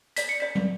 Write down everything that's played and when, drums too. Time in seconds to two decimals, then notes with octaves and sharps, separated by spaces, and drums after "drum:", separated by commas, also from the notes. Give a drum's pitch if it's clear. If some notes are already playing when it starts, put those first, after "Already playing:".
0.17 D5 B6, drum: hi-hat
0.29 C#7
0.40 D5 B6
0.55 drum: tom